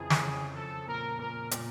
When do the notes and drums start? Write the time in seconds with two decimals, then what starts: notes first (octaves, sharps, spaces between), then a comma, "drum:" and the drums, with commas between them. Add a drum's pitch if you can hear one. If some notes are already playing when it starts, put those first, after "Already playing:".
Already playing: F2 C#3 E3 G#4
0.10 drum: snare
0.23 C#3
0.55 F3 A4
0.87 A#2 A#4
1.19 A#2 A#4
1.51 A#2, drum: hi-hat